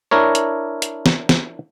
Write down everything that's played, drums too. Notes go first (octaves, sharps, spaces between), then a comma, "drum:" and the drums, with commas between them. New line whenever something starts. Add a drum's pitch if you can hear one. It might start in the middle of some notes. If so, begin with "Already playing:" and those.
D4 E4 A#4 C#5
drum: hi-hat
drum: hi-hat
drum: snare
drum: snare